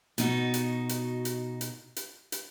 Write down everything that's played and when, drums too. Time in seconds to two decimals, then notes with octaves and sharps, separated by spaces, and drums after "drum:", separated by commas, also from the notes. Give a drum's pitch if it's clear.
0.18 B2 D#4 F#4, drum: hi-hat
0.54 drum: hi-hat
0.89 drum: hi-hat
1.25 drum: hi-hat
1.61 drum: hi-hat
1.96 drum: hi-hat
2.32 drum: hi-hat